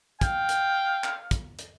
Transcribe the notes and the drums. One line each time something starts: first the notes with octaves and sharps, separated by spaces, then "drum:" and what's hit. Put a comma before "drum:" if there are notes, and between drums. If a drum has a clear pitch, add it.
F5 G5, drum: kick, hi-hat
drum: hi-hat
drum: clap
drum: kick, hi-hat
drum: hi-hat